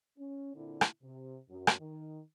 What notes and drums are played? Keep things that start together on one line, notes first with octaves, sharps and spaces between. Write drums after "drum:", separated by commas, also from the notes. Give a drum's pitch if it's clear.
C#4
A#2 D3 C4 E4
drum: rim click
C3
F#2
drum: rim click
D#3